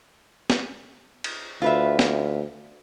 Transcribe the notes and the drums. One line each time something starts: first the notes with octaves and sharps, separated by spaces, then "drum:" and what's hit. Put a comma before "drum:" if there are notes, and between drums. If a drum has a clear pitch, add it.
drum: snare
drum: cymbal
D2 F4 B4 E5
drum: snare